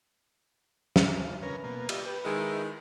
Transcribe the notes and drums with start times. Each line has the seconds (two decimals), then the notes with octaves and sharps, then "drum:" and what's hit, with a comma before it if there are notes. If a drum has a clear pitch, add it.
0.96 drum: snare
1.24 F4
1.42 C#3 C#4 A#4 B4
1.64 B2 A#3
1.89 G3 F4 D#5 E5, drum: cymbal
2.05 G4 B4
2.25 D#3 G#3 D#4 E4